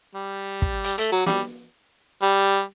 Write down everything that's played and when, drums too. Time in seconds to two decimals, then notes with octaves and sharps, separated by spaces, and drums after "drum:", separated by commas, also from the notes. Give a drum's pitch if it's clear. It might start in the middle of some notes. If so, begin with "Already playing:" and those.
0.15 G3
0.62 drum: kick
0.84 drum: hi-hat
0.98 A3, drum: hi-hat
1.12 F#3
1.26 G3, drum: snare
2.22 G3